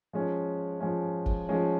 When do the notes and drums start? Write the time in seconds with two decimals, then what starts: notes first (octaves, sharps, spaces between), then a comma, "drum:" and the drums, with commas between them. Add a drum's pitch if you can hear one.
0.13 F3 G#3 C#4
0.80 F3 G#3 C#4
1.26 drum: kick
1.49 F3 G#3 C#4